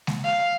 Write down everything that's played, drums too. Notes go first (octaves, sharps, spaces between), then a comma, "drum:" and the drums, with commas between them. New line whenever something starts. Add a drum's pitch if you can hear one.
drum: snare G#3
F5